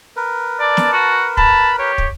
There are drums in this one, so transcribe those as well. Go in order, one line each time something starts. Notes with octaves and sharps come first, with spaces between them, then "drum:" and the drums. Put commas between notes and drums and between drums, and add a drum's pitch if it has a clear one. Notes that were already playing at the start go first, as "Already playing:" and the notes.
A#4 B4
D5 A5
drum: snare
F#4
A5 B5, drum: kick
G4 C#5
drum: kick